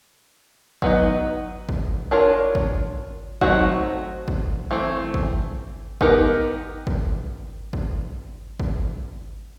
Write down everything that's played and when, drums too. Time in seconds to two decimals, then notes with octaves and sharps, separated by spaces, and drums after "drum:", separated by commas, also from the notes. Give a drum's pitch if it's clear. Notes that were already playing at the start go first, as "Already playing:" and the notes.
0.82 F#3 B3 D#4, drum: kick
1.69 drum: kick
2.11 D4 F4 A#4 C#5
2.55 drum: kick
3.41 F#3 A3 C4 D#4 F#4, drum: kick
4.28 drum: kick
4.71 E3 A3 C4
5.14 drum: kick
6.01 B3 D#4 G4 A#4, drum: kick
6.87 drum: kick
7.73 drum: kick
8.60 drum: kick